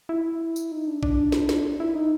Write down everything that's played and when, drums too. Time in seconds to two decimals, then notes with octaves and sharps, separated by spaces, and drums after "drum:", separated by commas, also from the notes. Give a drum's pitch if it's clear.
0.09 E4
0.56 drum: tambourine
0.72 D#4
0.87 D4
1.03 D4, drum: kick A#1
1.32 drum: snare
1.49 drum: snare
1.80 E4
1.95 D#4